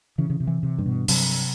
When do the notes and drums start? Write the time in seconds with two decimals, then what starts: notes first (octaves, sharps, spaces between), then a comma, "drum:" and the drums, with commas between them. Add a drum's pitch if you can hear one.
0.18 C#3 E3
0.30 C#3
0.40 C3
0.47 E3
0.63 C3
0.79 G2
0.86 B2
1.08 C3 F#3, drum: open hi-hat